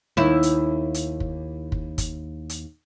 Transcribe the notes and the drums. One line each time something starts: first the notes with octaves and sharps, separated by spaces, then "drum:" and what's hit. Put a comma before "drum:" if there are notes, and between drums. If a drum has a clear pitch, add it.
D#2 E4
drum: hi-hat
drum: hi-hat
drum: kick
drum: kick
drum: kick, hi-hat
drum: hi-hat